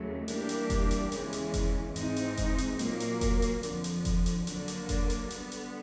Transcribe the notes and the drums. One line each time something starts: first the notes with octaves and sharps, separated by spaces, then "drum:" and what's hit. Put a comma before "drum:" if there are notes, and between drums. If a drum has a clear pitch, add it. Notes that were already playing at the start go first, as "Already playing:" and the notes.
Already playing: D#2 C#3 F#3 A3
E3 G3 A#3 D4 G4, drum: hi-hat
drum: hi-hat
drum: kick F1, hi-hat
drum: hi-hat
E2 C#3 E3 G#3, drum: hi-hat
drum: hi-hat
drum: kick F1, hi-hat
G#2 E3 G#3 C4 D#4, drum: hi-hat
drum: hi-hat
drum: kick F1, hi-hat
drum: hi-hat
A#2 F#3 A#3, drum: hi-hat
drum: hi-hat
drum: kick F1, hi-hat
drum: hi-hat
F2 D3 F3, drum: hi-hat
drum: hi-hat
drum: kick F1, hi-hat
drum: hi-hat
D3 F#3 A#3 D4, drum: hi-hat
drum: hi-hat
drum: kick F1, hi-hat
drum: hi-hat
D3 G3 B3, drum: hi-hat
drum: hi-hat